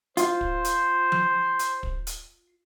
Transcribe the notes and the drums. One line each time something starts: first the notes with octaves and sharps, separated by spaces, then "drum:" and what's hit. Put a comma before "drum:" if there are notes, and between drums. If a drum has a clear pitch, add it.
F4 C5, drum: hi-hat
drum: kick
drum: hi-hat
drum: tom F3
drum: hi-hat
drum: kick
drum: hi-hat